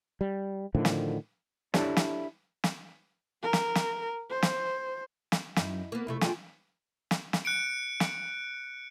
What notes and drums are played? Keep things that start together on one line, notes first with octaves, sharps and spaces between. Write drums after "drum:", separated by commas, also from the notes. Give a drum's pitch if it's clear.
G3
A2 D3 D#3 F3
drum: snare
D4 E4 G4 A4 C#5 D5, drum: snare
drum: snare
drum: snare
A#4
drum: snare
drum: snare
C5
drum: snare
drum: snare
F#2 D#4 E4, drum: snare
A#3 B3 B5
F2 C3 A3 E4
D4 E4 F4 G#4 G5 G#5, drum: snare
drum: snare
drum: snare
F#6 C#7 D7
drum: snare